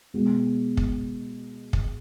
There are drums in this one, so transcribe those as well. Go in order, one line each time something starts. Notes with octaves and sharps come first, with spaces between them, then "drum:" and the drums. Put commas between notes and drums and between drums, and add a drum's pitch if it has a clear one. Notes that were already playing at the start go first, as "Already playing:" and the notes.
B2 G#3 B3
drum: kick
drum: kick